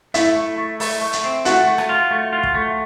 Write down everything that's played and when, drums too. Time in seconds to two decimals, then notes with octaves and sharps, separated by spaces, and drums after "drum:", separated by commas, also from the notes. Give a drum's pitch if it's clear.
0.14 A3 E4 E5, drum: hi-hat
0.36 A3
0.58 A3
0.80 A3, drum: open hi-hat
1.02 A3
1.13 drum: hi-hat
1.24 C4
1.45 A3 F#4 F#5, drum: hi-hat
1.67 A3
1.78 drum: rim click
1.89 F4
2.11 A3
2.33 F4
2.43 drum: kick
2.55 A3